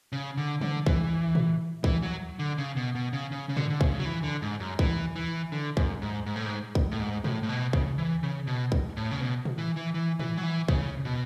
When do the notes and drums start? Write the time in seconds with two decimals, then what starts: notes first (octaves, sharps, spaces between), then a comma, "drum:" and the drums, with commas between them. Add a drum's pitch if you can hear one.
0.12 C#3
0.37 D3
0.61 D3, drum: tom
0.86 E3, drum: kick
1.35 drum: tom A2
1.84 E3, drum: kick
2.03 F#3
2.39 D3
2.58 C#3
2.76 B2
2.95 B2
3.13 C#3
3.32 C#3
3.49 C#3
3.57 D3, drum: tom G#2
3.70 D3
3.81 C#3, drum: kick
3.99 F#3
4.05 E3
4.23 D3
4.42 G#2
4.60 F#2
4.79 E3, drum: kick
5.16 E3
5.52 D3
5.77 F#2, drum: kick
6.02 G#2
6.26 G#2
6.36 A2
6.46 G#2
6.75 drum: kick
6.91 A2
7.00 G#2
7.24 A2, drum: tom A2
7.43 A2
7.49 B2
7.73 C#3, drum: kick
7.98 E3
8.23 C#3
8.47 B2
8.72 drum: kick
8.97 A2
9.11 C#3
9.21 B2
9.45 drum: tom A2
9.58 E3
9.76 E3
9.94 E3
10.19 E3, drum: tom G#2
10.37 F#3
10.44 E3
10.68 C#3, drum: kick
11.05 B2